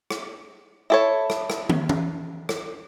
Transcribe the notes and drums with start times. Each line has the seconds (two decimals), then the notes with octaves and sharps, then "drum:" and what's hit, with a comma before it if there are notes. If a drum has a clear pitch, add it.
0.10 drum: rim click
0.90 E4 A4 C#5
1.30 drum: rim click
1.50 drum: rim click
1.70 drum: tom
1.89 drum: tom E3
2.49 drum: rim click